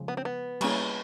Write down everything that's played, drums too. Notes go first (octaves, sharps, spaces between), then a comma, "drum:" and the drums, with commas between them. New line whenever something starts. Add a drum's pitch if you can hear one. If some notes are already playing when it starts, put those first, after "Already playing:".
Already playing: C#3 F3 G#3
B3
C4
B3
G3 A#3 C#4 E4 G#4, drum: cymbal